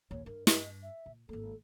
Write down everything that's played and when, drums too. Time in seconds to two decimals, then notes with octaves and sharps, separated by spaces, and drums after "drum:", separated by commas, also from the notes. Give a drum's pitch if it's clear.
0.11 A#1 D#2 C#5
0.26 G2 A#4
0.47 D#5, drum: snare
0.83 E5
1.06 A#2
1.29 G#1 A#3 A4